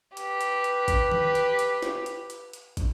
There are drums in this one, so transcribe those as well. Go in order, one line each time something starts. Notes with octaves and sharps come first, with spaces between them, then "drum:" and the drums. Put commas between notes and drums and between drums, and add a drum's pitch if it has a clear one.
G4 B4, drum: hi-hat
drum: hi-hat
drum: hi-hat
drum: kick, hi-hat
drum: tom D#3
drum: hi-hat
drum: hi-hat
drum: snare
drum: hi-hat
drum: hi-hat
drum: hi-hat
drum: kick, hi-hat